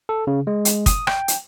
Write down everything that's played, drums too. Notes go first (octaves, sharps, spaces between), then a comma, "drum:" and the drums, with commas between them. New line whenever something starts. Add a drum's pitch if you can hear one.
A4
C#3
G#3
drum: hi-hat
D#6, drum: kick, hi-hat
G5, drum: rim click
drum: hi-hat